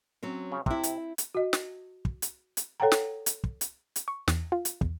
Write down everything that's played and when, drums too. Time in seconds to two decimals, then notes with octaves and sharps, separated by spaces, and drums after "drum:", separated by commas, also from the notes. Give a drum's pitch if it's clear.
0.23 F#3 C4 C#4
0.52 C#3
0.66 C3 C4 E4, drum: kick
0.83 drum: hi-hat
1.18 drum: hi-hat
1.34 F#4 D#5
1.53 drum: snare
2.05 drum: kick
2.22 drum: hi-hat
2.57 drum: hi-hat
2.80 A4 C#5 F#5 G5 A#5
2.92 drum: snare
3.26 drum: hi-hat
3.44 drum: kick
3.61 drum: hi-hat
3.96 drum: hi-hat
4.08 C#6
4.28 E2, drum: snare
4.52 F4
4.65 drum: hi-hat
4.81 E2, drum: kick